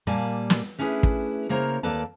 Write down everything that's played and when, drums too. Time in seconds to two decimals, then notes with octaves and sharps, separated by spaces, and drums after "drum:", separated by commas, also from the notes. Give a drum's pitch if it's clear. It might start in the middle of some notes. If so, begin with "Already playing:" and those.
0.07 A#2 G3 A#3 D5 G#5 A5
0.50 drum: snare
0.78 A3 C#4 D4 E4 G#4 B4
1.03 drum: kick
1.49 C#3 A#3 A#4 C5 C#5 A#5
1.83 D#2 A#3 A4 B4 D5 A5